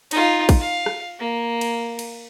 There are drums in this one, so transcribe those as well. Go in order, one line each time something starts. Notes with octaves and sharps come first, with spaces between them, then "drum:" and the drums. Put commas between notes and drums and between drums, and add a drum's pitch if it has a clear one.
D#4 F4, drum: cymbal
drum: kick, cymbal
F5
drum: rim click
A#3
drum: cymbal
drum: cymbal